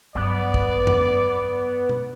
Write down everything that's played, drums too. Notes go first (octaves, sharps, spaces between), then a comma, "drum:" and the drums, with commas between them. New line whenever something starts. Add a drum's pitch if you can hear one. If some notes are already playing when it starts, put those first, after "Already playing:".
G2 F#3 B3 D5
drum: kick
drum: tom F2
drum: tom B2